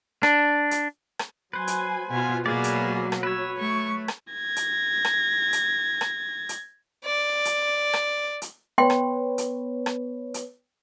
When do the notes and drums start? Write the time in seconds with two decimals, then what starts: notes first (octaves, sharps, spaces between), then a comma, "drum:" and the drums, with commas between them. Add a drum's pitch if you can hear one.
0.23 D4, drum: rim click
0.71 drum: hi-hat
1.19 drum: rim click
1.53 F#3 B4 C5 G#5
1.67 drum: hi-hat
2.11 B2 B3 F4 G#5
2.46 B2 F#3 A#3 G#4 B4 D5
2.64 drum: hi-hat
3.12 drum: rim click
3.23 B4 C#5 E6
3.58 A3 C#6
4.08 drum: rim click
4.33 G#6 A#6
4.56 drum: hi-hat
5.05 drum: rim click
5.53 drum: hi-hat
6.01 drum: rim click
6.49 drum: hi-hat
7.05 D5
7.45 drum: hi-hat
7.93 drum: rim click
8.42 drum: hi-hat
8.78 B3 B4 C#5 G5 C6
8.90 drum: rim click
9.38 drum: hi-hat
9.86 drum: rim click
10.34 drum: hi-hat